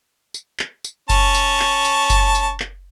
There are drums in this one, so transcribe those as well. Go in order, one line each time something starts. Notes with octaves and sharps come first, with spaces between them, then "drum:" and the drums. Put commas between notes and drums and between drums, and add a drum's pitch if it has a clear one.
drum: tambourine
drum: clap
drum: tambourine
C#4 A5 C#6, drum: kick F#1, tambourine
drum: tambourine
drum: clap
drum: tambourine
drum: kick F#1, tambourine
drum: tambourine
drum: clap